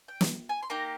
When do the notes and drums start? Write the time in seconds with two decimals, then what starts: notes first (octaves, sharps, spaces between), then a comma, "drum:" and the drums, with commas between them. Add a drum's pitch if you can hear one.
0.08 G5
0.21 drum: snare
0.49 G#5
0.63 C6
0.70 A#3 D#4 G4 A#5